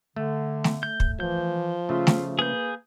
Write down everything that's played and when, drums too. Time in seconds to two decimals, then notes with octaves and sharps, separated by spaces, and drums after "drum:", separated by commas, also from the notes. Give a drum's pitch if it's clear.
0.16 D3 A3
0.64 drum: snare A3
0.83 G6
1.00 drum: kick
1.20 E3 F3 G6
1.89 C#3 A3 F4 E5
2.07 drum: snare A3
2.39 A#3 G#4 B4 G6